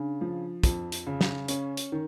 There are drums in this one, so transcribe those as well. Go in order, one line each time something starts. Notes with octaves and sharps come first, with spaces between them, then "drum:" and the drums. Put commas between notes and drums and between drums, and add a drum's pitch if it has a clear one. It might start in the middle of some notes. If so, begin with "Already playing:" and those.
Already playing: C#3 D4
F3
F2, drum: kick, hi-hat
drum: hi-hat
C#3
drum: snare
C#4, drum: hi-hat
drum: hi-hat
D#3